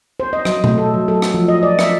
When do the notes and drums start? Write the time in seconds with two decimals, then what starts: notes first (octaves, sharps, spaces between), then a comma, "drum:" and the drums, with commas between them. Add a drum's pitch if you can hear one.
0.20 C5
0.33 D#5
0.45 F#3, drum: rim click
0.64 A3, drum: tom B2
0.78 A4
0.94 F#3
1.08 A4
1.22 drum: rim click
1.34 F3
1.48 D#5
1.63 D5
1.79 E5, drum: rim click